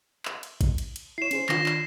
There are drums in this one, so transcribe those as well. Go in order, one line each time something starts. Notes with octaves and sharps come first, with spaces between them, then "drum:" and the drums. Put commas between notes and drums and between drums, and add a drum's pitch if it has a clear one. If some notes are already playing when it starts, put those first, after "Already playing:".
drum: clap
drum: cymbal
drum: kick, cymbal
drum: cymbal
drum: cymbal
E4 C#5 C7 E7
C#4 G#4 C5, drum: cymbal
D#3 D4 F4 A#6, drum: clap
drum: clap